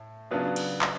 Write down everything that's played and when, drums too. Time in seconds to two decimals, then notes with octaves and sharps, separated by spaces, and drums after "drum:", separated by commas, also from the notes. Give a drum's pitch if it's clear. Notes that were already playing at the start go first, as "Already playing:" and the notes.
Already playing: A2
0.31 C#3 F#3 B3 D4 F4
0.56 drum: cymbal
0.82 drum: clap